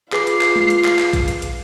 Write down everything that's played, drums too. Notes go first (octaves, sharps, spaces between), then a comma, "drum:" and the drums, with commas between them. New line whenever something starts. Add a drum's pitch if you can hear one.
F4 G#4 B4 D6 C7, drum: clap
drum: hi-hat
drum: clap
drum: tom G#3
drum: hi-hat
drum: clap
drum: clap
drum: kick A1, hi-hat
drum: hi-hat
drum: hi-hat